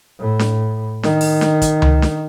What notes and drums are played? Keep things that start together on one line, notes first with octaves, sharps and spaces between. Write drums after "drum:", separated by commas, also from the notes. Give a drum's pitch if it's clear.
A2
drum: snare D4
D#3, drum: snare D4
drum: open hi-hat
drum: snare D4
drum: kick, hi-hat
drum: tom C#2
drum: snare D4